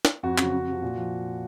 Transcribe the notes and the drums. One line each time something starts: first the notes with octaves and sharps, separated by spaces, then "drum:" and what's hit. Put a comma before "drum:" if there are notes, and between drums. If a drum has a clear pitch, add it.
drum: snare
F2 F#4
C#3 F#3 F#4, drum: clap
F2
C3 F3
A#2
F3